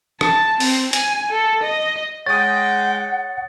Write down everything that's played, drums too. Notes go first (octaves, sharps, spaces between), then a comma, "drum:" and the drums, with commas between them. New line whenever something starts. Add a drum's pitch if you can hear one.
A5, drum: rim click
C4, drum: open hi-hat
G#5, drum: hi-hat
A4
D#5
G#3 C#5 F#5 G5 D#6 A6